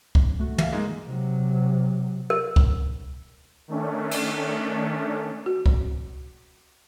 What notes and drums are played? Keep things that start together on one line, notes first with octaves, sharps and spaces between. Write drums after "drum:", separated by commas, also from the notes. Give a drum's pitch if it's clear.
drum: kick C2
G2 A3 F#4
E5 F5, drum: tom
G#3 A#3 D#4
C3 F#3
A#4
drum: kick C2
D#3 A3 C#4 D4
drum: cymbal
F#4
drum: kick C2